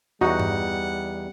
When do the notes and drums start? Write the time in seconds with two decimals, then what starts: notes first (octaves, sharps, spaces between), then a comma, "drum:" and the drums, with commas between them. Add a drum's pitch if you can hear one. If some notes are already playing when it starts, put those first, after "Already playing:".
0.21 E2 G3 D#4 F#4 F#5
0.40 drum: tom G2